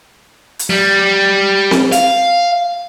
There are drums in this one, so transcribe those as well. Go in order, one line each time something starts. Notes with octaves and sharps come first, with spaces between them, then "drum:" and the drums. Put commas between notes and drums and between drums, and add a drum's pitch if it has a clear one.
drum: hi-hat
G3
drum: snare C4
F5, drum: hi-hat